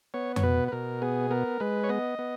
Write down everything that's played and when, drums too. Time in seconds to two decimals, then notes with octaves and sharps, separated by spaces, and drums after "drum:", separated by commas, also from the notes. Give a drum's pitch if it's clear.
0.14 B3 C#5
0.36 C#5, drum: tom F2
0.43 B2 B4
0.68 B4
0.72 B2 A#4
1.02 B3 G#4
1.31 B3 A#4
1.60 G#3 B4
1.84 C#5
1.89 B3 D#5
2.19 B3